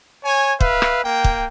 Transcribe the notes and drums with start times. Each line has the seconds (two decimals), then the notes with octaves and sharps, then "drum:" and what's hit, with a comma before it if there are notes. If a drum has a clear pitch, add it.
0.25 C#5 G#5
0.60 B4 E5 F5, drum: kick
0.82 drum: rim click
1.05 A#3 G5
1.24 drum: kick